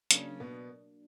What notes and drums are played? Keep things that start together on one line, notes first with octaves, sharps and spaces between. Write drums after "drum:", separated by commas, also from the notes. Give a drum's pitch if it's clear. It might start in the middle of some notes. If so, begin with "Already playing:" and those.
C#3 F#3 A#3 C#4 D4, drum: hi-hat
B2 B3